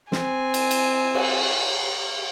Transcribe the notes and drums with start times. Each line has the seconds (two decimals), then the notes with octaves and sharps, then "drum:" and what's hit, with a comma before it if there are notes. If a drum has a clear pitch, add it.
0.12 C4 G#5, drum: snare
0.54 drum: cymbal
0.71 drum: cymbal
1.15 drum: cymbal